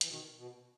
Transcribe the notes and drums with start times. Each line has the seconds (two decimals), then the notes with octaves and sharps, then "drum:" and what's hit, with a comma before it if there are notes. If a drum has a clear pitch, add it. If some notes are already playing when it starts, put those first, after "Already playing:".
0.01 E3, drum: hi-hat
0.08 B2 D#3
0.38 B2